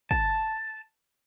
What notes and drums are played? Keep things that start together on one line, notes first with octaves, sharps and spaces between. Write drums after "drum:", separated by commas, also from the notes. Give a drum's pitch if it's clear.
A5, drum: kick